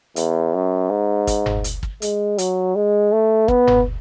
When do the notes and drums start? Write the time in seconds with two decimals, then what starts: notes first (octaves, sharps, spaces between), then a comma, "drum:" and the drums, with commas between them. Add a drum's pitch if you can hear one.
0.16 E2, drum: hi-hat
0.54 F#2
0.90 G#2
1.27 drum: kick, hi-hat
1.46 drum: tom F#1
1.64 drum: hi-hat
1.83 drum: kick
2.02 G#3, drum: hi-hat
2.38 F#3, drum: hi-hat
2.75 G#3
3.12 A3
3.48 B3, drum: kick
3.67 drum: tom F#1